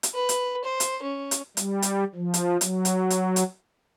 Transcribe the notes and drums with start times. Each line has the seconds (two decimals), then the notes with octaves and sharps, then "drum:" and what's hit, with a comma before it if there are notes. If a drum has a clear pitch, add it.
0.03 drum: hi-hat
0.14 B4
0.29 drum: hi-hat
0.64 C5
0.80 drum: hi-hat
1.02 C#4
1.31 drum: hi-hat
1.57 G3, drum: hi-hat
1.82 drum: hi-hat
2.15 F3
2.34 drum: hi-hat
2.61 F#3, drum: hi-hat
2.85 drum: hi-hat
3.10 drum: hi-hat
3.36 drum: hi-hat